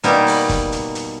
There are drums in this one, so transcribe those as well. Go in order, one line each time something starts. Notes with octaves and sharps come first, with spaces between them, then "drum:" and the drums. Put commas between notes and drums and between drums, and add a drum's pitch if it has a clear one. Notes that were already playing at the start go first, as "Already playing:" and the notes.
B2 G3 A#3 D#4, drum: hi-hat
drum: open hi-hat
drum: kick, hi-hat
drum: hi-hat
drum: hi-hat